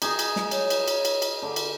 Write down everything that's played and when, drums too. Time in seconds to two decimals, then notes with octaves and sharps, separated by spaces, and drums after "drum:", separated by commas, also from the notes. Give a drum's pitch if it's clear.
0.02 D#4 G#4 D#5, drum: cymbal
0.19 drum: cymbal
0.36 drum: snare
0.51 C#5, drum: cymbal
0.70 drum: cymbal
0.88 drum: cymbal
1.05 drum: cymbal
1.22 drum: cymbal
1.42 D3
1.56 drum: cymbal